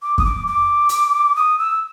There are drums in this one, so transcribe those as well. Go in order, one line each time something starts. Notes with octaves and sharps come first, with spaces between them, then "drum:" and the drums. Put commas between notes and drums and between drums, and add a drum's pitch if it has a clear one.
D6
D#6, drum: kick F#2
D6
D6
drum: hi-hat
D#6
E6